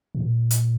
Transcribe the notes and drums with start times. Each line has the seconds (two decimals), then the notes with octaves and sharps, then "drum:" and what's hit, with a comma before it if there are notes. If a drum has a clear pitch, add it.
0.15 A2
0.20 A#2
0.51 drum: hi-hat